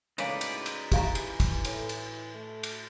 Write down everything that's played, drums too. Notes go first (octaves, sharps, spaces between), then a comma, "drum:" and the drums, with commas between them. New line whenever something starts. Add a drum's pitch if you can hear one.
A2 C#3 G#3 A#3 D#4 B4 D5, drum: cymbal
drum: cymbal
drum: cymbal
E3 G4 F5 A#5, drum: kick, cymbal
drum: cymbal
drum: kick, cymbal
A2, drum: cymbal
drum: cymbal
A3
drum: cymbal